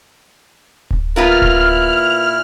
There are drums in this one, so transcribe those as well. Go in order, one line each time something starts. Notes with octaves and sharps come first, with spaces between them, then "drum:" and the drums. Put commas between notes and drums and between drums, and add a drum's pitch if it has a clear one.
drum: kick D1
A#2 B3 E4 F4 A#4 F6 F#6
drum: kick D1